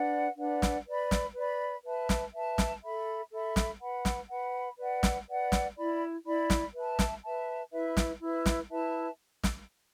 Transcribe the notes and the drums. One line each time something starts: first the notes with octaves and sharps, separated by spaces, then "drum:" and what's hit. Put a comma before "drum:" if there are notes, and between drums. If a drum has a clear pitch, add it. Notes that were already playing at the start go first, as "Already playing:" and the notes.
Already playing: D4 B4 D5 F#5
D4 B4 D5 F#5
drum: snare
B4 D5 B5
drum: snare
B4 D5 B5
B4 E5 A5
drum: snare
B4 E5 A5
drum: snare
A4 E5 B5
A4 E5 B5
drum: snare
B4 F#5 B5
drum: snare
B4 F#5 B5
B4 D5 F#5
drum: snare
B4 D5 F#5
drum: snare
E4 D5 B5
E4 D5 B5
drum: snare
B4 E5 A5
drum: snare
B4 E5 A5
E4 B4 E5
drum: snare
E4 B4 E5
drum: snare
E4 B4 E5 A5
drum: snare